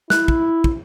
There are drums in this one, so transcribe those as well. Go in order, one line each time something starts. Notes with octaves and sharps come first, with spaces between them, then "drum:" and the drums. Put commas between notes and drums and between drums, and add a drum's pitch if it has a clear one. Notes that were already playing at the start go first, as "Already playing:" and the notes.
E4 F#6, drum: snare
drum: kick
drum: kick